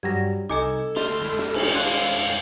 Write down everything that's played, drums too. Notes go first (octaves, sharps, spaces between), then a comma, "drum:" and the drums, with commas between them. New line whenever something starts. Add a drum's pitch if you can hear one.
G2 F#3 G3 G#6 A#6
C2 D#4 A4 D#5 G#5 D6 G#6
D2 D#5 C6 F6 G6 A6, drum: snare
G#3 E4
drum: snare
drum: cymbal
D#5 F5 C6 F#6